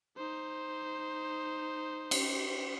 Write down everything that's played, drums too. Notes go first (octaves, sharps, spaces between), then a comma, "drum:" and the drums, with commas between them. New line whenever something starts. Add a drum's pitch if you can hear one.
D#4 C5
drum: cymbal